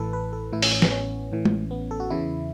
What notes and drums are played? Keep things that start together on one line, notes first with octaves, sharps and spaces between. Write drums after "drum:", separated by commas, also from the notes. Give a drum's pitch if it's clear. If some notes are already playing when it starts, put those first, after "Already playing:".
Already playing: A1 A2 E3 A4 B4
B4
A4
A1 A2 E3 E4
C#4, drum: open hi-hat
C#4
B3, drum: snare
C#4
A1 A2 E3
drum: tom G#3
B3
A4
F#4
E2 C#3 E3 E4